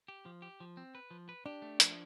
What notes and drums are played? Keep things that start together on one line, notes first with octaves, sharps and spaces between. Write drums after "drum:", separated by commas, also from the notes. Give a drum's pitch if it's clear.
G4
F3
G4
F3
C4
B4
F3
B4
D4 G4
A3
F3, drum: hi-hat